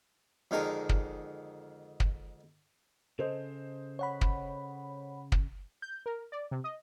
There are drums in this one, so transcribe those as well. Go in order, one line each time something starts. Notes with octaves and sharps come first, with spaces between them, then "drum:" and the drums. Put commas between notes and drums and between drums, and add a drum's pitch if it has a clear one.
F2 D3 D#3 G#3 A#4
drum: kick
drum: kick
C#3 A4 C5 D#5
C#5 F#5 B5
drum: kick
drum: kick
G6
A#4
D5
C3
D#5